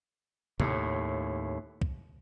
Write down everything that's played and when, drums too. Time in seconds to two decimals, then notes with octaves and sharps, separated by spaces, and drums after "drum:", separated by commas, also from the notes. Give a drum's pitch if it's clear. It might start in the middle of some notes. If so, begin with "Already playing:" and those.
0.60 D#2 A2, drum: tom C3
1.81 drum: kick